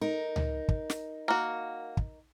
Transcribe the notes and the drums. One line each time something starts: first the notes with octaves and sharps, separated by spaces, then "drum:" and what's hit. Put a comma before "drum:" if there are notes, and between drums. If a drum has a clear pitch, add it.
D#4 A#4
drum: tom C#2
drum: kick
drum: snare
A#3 F#4
drum: kick